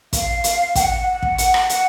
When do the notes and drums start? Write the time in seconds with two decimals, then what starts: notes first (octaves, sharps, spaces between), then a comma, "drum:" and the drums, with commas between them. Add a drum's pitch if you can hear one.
0.13 F5, drum: kick, hi-hat
0.44 drum: hi-hat
0.75 G5, drum: kick, hi-hat
0.79 F#5
1.07 F#5
1.23 drum: kick
1.38 drum: hi-hat
1.54 drum: rim click
1.69 F#5, drum: hi-hat